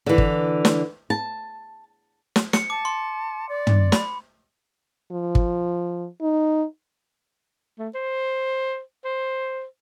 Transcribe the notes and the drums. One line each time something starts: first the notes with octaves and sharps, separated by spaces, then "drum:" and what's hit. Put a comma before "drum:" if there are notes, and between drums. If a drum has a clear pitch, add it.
D3 E3
drum: kick
drum: snare
A5
drum: snare
C#7, drum: snare
A5 D6
C6
D5
drum: tom
B5, drum: snare
F3
drum: kick
D#4
A3
C5
C5